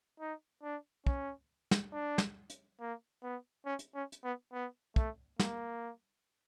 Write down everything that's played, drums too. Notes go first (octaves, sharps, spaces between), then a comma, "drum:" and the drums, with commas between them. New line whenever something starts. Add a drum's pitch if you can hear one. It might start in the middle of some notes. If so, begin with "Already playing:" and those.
D#4
D4
C#4, drum: kick
drum: snare
D4
drum: snare
drum: hi-hat
A#3
B3
C#4
drum: hi-hat
C#4
drum: hi-hat
B3
B3
A3, drum: kick
A#3, drum: snare